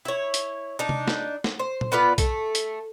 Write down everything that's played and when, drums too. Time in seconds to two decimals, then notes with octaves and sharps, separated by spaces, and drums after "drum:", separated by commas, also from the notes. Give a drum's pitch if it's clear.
0.05 E4 C#5
0.34 drum: hi-hat
0.79 D4 D#4
0.89 drum: tom C3
1.08 drum: snare
1.44 drum: snare
1.59 C5
1.81 drum: tom A#2
1.92 B3 F4 B4 D5
2.18 A3, drum: kick, hi-hat
2.55 drum: hi-hat